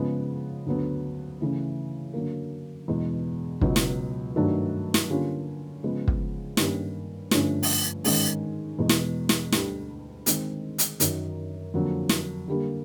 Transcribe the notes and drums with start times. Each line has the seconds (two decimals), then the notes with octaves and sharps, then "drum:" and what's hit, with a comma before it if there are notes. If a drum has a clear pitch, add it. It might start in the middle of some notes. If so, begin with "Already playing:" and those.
Already playing: C#3 F3 G#3 B3
0.66 D2 D3 F#3 B3
1.40 C#3 E3 A3 C#4
2.14 D3 F#3 A#3
2.88 E2 B2 G#3
3.61 C#2 B2 F#3, drum: kick
3.76 drum: snare
4.36 G2 D#3 F#3 A3 D4
4.94 drum: snare
5.09 D3 G3 A#3 C#4 F4
5.83 C#3 F3 G#3 B3
6.08 drum: kick
6.57 G2 D#3 G3 A#3 C#4, drum: snare
7.31 G2 D3 F3 A3 C#4, drum: snare
7.63 drum: open hi-hat
8.04 G#2 D#3 G#3 C#4, drum: open hi-hat
8.79 E2 B2 G#3
8.89 drum: snare
9.29 drum: snare
9.52 D2 D3 G3, drum: snare
10.26 D#3 G#3 C4, drum: hi-hat
10.79 drum: hi-hat
11.00 F#2 D#3 F#3, drum: hi-hat
11.74 F2 D3 F#3 A#3
12.09 drum: snare
12.48 D3 G3 A#3